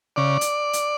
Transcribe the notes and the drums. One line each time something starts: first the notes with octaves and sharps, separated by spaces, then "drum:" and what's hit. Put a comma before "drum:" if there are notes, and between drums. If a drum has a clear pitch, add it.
C#3 D5
drum: hi-hat
drum: hi-hat